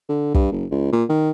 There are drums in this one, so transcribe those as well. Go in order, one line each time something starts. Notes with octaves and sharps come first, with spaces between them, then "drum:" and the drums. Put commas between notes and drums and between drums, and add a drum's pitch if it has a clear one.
D3
G2, drum: kick
F#1
C#2
A#2
D#3